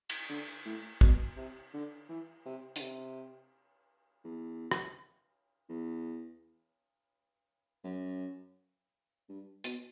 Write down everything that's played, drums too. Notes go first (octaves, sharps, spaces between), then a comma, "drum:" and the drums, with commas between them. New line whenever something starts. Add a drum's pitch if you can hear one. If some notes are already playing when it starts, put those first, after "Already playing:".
drum: cymbal
D3
A2
B2, drum: kick
C3
D3
E3
C3
D3, drum: hi-hat
C3
E2
drum: rim click
E2
F#2
G2
B2, drum: hi-hat